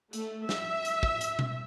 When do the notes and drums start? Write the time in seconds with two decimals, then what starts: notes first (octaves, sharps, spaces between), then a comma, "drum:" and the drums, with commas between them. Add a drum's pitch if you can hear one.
0.13 A3, drum: hi-hat
0.49 E5, drum: snare
0.85 drum: hi-hat
1.03 drum: kick
1.21 drum: hi-hat
1.39 drum: tom B2